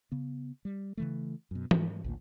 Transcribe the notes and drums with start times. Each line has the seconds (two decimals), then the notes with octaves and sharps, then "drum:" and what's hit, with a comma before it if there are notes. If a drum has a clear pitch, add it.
0.12 C#3 B3
0.65 G3
0.97 C#3 E3 A3
1.51 F#2 B2
1.71 G#2, drum: tom E3
2.04 A1 D2 A#2